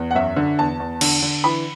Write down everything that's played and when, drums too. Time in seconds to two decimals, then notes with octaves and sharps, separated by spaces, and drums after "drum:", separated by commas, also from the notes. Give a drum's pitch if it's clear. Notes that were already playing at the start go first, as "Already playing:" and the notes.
Already playing: E2
0.11 F#5
0.15 F#2 E5
0.36 D3
0.59 E2 A5
0.80 E2
1.01 D3, drum: cymbal
1.22 D3
1.44 E3 B5